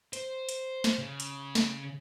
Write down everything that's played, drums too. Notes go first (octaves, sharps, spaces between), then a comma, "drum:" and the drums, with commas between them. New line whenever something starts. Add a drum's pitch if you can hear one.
C5, drum: hi-hat
drum: hi-hat
drum: snare
C#3
drum: hi-hat
drum: snare